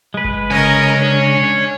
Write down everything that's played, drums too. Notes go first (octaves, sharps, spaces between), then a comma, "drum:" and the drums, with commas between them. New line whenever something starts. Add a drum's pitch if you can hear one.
G#3 B4
drum: kick G1
C#3 A#4 C#5 D#5 G#5
D4